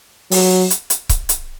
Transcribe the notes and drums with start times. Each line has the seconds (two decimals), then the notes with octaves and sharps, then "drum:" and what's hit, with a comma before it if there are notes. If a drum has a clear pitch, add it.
0.31 F#3, drum: open hi-hat
0.70 drum: hi-hat
0.90 drum: hi-hat
1.09 drum: kick C#1, hi-hat
1.29 drum: hi-hat